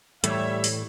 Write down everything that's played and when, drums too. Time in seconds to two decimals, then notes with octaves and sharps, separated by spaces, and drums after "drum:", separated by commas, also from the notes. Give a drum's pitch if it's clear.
0.24 A2 E3 G3 A3 C#5 E5, drum: hi-hat
0.64 drum: open hi-hat